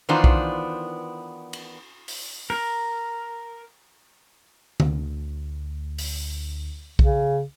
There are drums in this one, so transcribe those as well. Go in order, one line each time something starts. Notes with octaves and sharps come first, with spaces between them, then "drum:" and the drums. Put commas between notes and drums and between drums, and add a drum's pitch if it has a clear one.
D#3 E3 B3 D4 F4 C5
drum: kick B1
drum: cymbal
drum: open hi-hat
A#4
D2, drum: tom D3
drum: open hi-hat
C#3, drum: kick B1